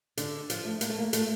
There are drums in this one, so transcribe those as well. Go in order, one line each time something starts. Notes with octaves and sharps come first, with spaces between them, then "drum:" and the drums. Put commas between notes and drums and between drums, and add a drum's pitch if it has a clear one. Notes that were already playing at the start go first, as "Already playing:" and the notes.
D3, drum: hi-hat
F3, drum: hi-hat
A3
A#3, drum: hi-hat
A3
A#3
A3, drum: hi-hat